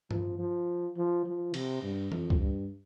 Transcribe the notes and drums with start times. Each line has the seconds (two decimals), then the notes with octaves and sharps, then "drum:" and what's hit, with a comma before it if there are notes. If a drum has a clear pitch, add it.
0.11 F3, drum: tom G2
0.38 F3
0.97 F3
1.26 F3
1.54 C3, drum: cymbal
1.83 G2
2.12 F2, drum: tom E3
2.30 drum: kick
2.40 G2